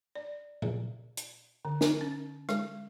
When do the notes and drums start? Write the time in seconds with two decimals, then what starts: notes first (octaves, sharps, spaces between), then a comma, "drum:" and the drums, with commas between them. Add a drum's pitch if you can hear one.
0.15 D5
0.62 drum: tom A#2
1.17 drum: hi-hat
1.65 D3
1.81 drum: snare
2.01 C#4
2.49 G#3, drum: rim click